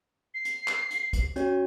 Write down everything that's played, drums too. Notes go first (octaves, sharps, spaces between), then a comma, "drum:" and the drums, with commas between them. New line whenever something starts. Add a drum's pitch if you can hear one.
C7
drum: hi-hat
drum: clap
drum: hi-hat
drum: kick, hi-hat
C#4 F#4 C#5, drum: hi-hat